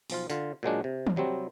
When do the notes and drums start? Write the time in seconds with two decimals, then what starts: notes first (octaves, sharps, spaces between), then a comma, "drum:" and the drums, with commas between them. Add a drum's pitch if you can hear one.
0.10 B1 F3 F4, drum: open hi-hat
0.30 D3 F4, drum: tambourine
0.63 A#2 F#3 G#3 D4
0.84 C3
1.07 drum: tom
1.16 C3 F#3 G3 C4